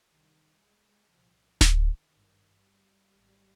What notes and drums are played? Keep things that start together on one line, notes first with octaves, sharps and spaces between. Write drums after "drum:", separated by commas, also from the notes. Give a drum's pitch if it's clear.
C2 C3 D#3
G#3
C2 A#2 F3
D#3, drum: snare D1
G#1 G2 D#3
G3
G#1 G#2